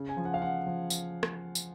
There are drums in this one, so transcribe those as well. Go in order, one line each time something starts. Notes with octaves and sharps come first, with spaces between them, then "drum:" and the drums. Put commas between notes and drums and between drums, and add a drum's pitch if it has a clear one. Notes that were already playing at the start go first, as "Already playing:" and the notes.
Already playing: C#3
G#5
F3
F#5
F5
C#3 F#5
F3
drum: tambourine
drum: rim click
drum: tambourine